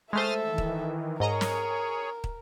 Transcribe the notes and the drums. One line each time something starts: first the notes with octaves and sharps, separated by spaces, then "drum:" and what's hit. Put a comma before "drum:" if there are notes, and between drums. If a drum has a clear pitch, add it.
G#3 A3 A4 C5 E5 D#6 F6 A6
D#3 E3
drum: kick
G#2 G#4 A#4 C#5 D#5 A#5
drum: snare
drum: kick